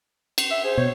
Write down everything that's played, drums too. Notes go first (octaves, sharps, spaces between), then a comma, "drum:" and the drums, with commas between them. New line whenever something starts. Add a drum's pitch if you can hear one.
drum: cymbal
E5
G#4 C5
B2 C#5